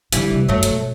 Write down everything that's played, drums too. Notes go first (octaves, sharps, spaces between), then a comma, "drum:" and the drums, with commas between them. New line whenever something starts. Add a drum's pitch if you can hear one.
D3 E3 G3, drum: hi-hat
C3
G2 F#3 A3
A2, drum: hi-hat
B2